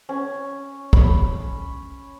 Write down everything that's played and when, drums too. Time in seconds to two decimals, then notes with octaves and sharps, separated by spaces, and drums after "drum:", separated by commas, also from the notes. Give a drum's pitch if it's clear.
0.09 C#4
0.93 B5, drum: kick